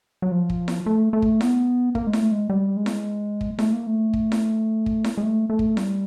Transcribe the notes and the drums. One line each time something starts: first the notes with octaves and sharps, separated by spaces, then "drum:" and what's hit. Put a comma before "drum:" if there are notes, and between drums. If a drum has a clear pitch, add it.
F#3
F3
drum: kick
drum: snare E4
A3
A3
drum: kick
B3, drum: snare E4
A#3, drum: kick
G#3
A3, drum: snare E4
G#3
G3
G#3
drum: snare E4
drum: kick
A3, drum: snare E4
A#3
A3
drum: kick
drum: snare E4
drum: kick
drum: snare E4
G#3
A3
A3
drum: kick
G3, drum: snare E4